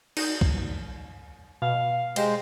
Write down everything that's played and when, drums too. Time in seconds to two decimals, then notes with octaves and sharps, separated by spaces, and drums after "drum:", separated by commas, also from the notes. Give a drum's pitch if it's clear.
0.17 D#4 F#4 G6, drum: cymbal
0.41 drum: kick
1.62 B2 F5
2.16 G#3 G4 C5 A#6, drum: cymbal